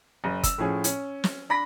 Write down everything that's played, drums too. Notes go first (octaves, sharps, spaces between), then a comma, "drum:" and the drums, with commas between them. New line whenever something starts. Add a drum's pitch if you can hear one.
F#1
E6, drum: kick, hi-hat
A2 F3 C#4 G#4
C#4, drum: hi-hat
drum: snare
D4 B5 A#6 B6